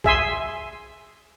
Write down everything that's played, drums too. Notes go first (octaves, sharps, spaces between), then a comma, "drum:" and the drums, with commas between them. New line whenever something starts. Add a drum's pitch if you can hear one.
G#4 E5 G#5 C6, drum: kick A#1